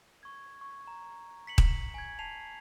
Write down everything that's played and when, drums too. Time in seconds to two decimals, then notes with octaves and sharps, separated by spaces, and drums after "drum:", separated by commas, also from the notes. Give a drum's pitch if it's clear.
0.23 C#6 G#6
0.61 C#6
0.87 A#5
1.47 B6 C#7 F#7
1.58 drum: kick D#1
1.94 G#5 G#6
2.19 A5 G#6 B6 C7 F7